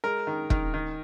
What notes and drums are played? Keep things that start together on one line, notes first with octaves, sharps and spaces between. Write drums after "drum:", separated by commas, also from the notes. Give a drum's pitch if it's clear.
G#3 A#4
D#3
D#3, drum: kick E1
D#3